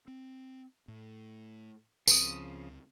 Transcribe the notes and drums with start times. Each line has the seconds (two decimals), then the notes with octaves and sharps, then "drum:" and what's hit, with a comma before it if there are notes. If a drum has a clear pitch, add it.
0.08 C4
0.88 A2
2.08 C#2 C#3 F3 A3 C4 D#6, drum: tambourine